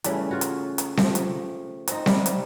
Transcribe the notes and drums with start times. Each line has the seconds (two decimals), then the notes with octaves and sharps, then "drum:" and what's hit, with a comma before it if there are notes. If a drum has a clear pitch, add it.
0.04 C#3 E3 G3 A3, drum: hi-hat
0.29 F4 F#4 C#5
0.41 drum: hi-hat
0.78 drum: hi-hat
0.97 F3 A3 G4, drum: snare C4
1.15 drum: hi-hat
1.88 C4 D#4, drum: hi-hat
2.06 C3 G3, drum: snare C4
2.26 drum: hi-hat